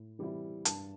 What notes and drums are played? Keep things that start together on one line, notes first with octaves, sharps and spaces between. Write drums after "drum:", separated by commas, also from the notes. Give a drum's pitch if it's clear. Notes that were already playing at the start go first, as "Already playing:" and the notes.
Already playing: A2
E3 G3 C4 E4
G2 A5, drum: hi-hat